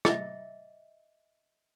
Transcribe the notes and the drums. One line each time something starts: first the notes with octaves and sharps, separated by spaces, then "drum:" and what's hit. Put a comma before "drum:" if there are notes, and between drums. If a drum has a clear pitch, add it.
D#5 E5, drum: rim click